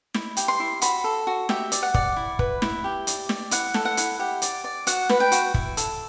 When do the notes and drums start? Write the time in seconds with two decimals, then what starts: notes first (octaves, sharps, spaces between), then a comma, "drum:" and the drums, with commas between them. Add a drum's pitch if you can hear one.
0.15 E4, drum: snare
0.37 G4, drum: hi-hat
0.48 C6
0.60 E4
0.81 F#4 B5, drum: hi-hat
1.04 A4
1.27 F#4
1.49 G4 E5, drum: snare
1.72 D5, drum: hi-hat
1.83 F#5
1.94 D5, drum: kick
2.16 E4
2.39 B4, drum: kick
2.62 E4, drum: snare
2.84 G4
3.07 D5, drum: hi-hat
3.29 D5, drum: snare
3.51 E4 F#5, drum: hi-hat
3.74 A4, drum: snare
3.85 F#5
3.97 E4, drum: hi-hat
4.19 G4 F#5
4.42 D5, drum: hi-hat
4.64 D5
4.87 F#4 F#5, drum: hi-hat
5.10 B4, drum: snare
5.20 G5
5.32 F#4, drum: hi-hat
5.54 E4, drum: kick
5.77 A4, drum: hi-hat